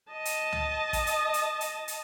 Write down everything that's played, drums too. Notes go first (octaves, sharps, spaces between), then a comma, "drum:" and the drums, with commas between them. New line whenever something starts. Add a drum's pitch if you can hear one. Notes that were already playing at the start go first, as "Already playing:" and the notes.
D#5 A5
drum: hi-hat
drum: tom C#2
drum: kick, hi-hat
drum: hi-hat
drum: hi-hat
drum: hi-hat
drum: hi-hat